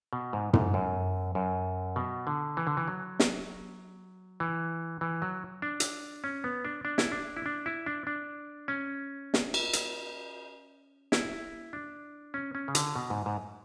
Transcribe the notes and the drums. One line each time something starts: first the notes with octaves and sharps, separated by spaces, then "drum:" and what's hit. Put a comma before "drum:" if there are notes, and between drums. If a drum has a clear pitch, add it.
B2
G#2
G#2, drum: tom
F#2
F#2
B2
D3
E3
D3
E3
F#3
drum: snare
E3
E3
F#3
D4
drum: hi-hat
C#4
B3
D4
D4
E4, drum: snare
D4
E4
D4
E4
D4
D4
C#4
drum: snare
drum: cymbal
drum: hi-hat
E4, drum: snare
D4
C#4
C#4
C#3
D3, drum: hi-hat
B2
G#2
G#2